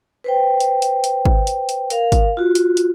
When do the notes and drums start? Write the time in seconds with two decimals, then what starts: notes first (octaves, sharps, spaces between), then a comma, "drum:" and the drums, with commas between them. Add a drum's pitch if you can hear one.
0.24 B4 C5 G5
0.60 drum: hi-hat
0.82 drum: hi-hat
1.04 drum: hi-hat
1.25 drum: kick G#1
1.47 drum: hi-hat
1.69 drum: hi-hat
1.90 A#4 F5, drum: hi-hat
2.12 drum: kick G#1, hi-hat
2.37 F4 F#4
2.55 drum: hi-hat
2.77 drum: hi-hat